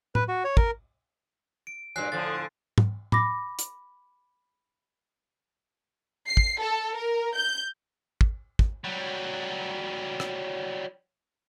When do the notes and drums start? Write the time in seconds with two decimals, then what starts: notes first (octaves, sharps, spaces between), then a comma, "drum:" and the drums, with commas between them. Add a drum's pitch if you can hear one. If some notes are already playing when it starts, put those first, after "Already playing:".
0.15 B4, drum: tom A2
0.28 F#4
0.45 C#5
0.57 A#4, drum: kick
1.67 D7
1.96 G2 A#2 F#3 G#5 F#6 C7
2.12 A2 D3 F3 A6
2.78 drum: tom
3.12 B5 D6 A#6, drum: tom A2
3.59 drum: hi-hat
6.27 C7
6.37 drum: kick
6.60 A4
6.96 A#4
7.36 G6
8.21 drum: kick
8.59 drum: kick
8.84 F#3 G3
10.20 drum: rim click